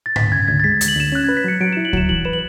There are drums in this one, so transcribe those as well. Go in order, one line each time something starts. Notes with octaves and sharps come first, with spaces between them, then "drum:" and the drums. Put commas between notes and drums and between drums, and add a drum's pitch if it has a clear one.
A6
D2 B6, drum: tom G#2
C#3 G#6
D2 G#6
A6
G#3 B6
D2, drum: hi-hat
F#7
D2 E7
C#4 F#6
G#6
B4
B6
F#3 C#7
F#3 D7
E7
E4
F#7
F#3 E7, drum: kick C#2
E3 F#7
B4 E7
F#7